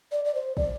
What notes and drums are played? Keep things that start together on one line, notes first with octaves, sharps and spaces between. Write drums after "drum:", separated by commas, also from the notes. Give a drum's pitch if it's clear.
D5
D5
C5
D5, drum: kick